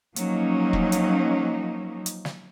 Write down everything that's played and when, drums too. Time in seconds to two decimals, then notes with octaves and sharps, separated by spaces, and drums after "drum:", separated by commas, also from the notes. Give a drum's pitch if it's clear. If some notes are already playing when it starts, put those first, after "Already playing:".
0.16 F3 F#3 A#3 C#4 D#4, drum: hi-hat
0.73 drum: kick E1
0.92 drum: hi-hat
2.06 drum: hi-hat
2.25 drum: snare